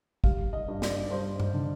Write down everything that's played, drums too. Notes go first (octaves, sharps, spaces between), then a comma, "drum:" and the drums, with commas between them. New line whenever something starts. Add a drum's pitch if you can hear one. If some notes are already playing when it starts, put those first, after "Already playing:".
G3 F5, drum: kick
D#5
G2
D5, drum: snare
D5
G2 C5
drum: tom G2
D3